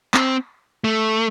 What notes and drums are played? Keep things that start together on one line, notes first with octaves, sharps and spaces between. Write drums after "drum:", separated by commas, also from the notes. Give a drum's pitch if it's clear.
C4, drum: clap
A3